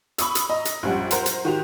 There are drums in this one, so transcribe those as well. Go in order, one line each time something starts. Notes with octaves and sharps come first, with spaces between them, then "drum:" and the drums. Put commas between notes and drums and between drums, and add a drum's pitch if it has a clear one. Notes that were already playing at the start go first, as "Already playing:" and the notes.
B5 C#6 D#6 E6, drum: hi-hat
drum: hi-hat
D#5 A#5
drum: hi-hat
A#1 F#2 G3 F#5
A#4 C5 F#5 A#5, drum: hi-hat
drum: hi-hat
D#3 F#4 G4 F7